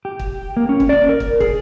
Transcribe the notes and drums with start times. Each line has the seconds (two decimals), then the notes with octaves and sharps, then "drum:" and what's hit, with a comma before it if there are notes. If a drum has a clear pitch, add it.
0.05 G4
0.19 drum: kick
0.57 A#3
0.69 C#4
0.80 drum: kick
0.89 D5
1.09 A#4
1.20 drum: kick
1.40 G#4, drum: kick